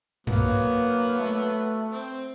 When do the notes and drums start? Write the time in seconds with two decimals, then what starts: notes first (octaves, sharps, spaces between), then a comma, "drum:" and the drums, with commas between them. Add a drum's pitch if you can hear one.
0.27 F#3 A#3 B3, drum: tom G2
1.19 A3
1.92 C4